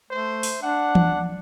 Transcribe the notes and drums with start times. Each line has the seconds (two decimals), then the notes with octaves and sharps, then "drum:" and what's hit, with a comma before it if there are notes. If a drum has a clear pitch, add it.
0.11 A3 C5
0.43 drum: open hi-hat
0.62 D4 F#5
0.95 drum: tom E3